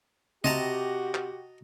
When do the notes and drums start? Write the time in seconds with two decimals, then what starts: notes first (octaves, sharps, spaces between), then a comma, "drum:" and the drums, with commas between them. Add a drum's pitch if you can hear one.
0.44 C3 F#4 G4 D#5 A5 A#5, drum: tom C#3
1.14 drum: clap